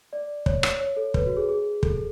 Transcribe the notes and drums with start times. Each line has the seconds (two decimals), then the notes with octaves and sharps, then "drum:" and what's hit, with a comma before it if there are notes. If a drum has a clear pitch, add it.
0.13 D5
0.46 C#5, drum: kick
0.63 drum: rim click
0.81 C#5
0.97 A4
1.14 B4, drum: kick
1.26 F#4
1.37 G#4
1.49 G#4
1.83 A4, drum: kick